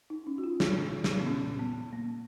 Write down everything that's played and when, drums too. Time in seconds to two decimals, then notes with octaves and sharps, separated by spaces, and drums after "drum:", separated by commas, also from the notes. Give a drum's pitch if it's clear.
0.10 D#4
0.27 C#4
0.38 F#4
0.44 F4
0.60 drum: snare
1.04 drum: snare
1.20 B3
1.26 A#2 F3 A#3 C#4
1.59 B3
1.93 A#3